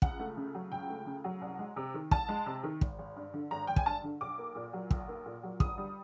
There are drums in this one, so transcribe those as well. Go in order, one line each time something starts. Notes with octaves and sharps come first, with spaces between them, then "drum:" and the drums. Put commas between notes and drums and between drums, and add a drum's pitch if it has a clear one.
C#2 F#5, drum: kick
A3
C#3
F#3
C#2 G5
A3
C#3
F#3
C2
G#3
C3
D#3
C2 A5, drum: kick
G#3
C3
D#3
G#1, drum: kick
G#1
G2
D3
G#1 A#5
G#1 G5
G#5, drum: kick
G2 A5
D3
B1 D6
A#3
A#2
F#3
B1, drum: kick
A#3
A#2
F#3
G1 D#6, drum: kick
G3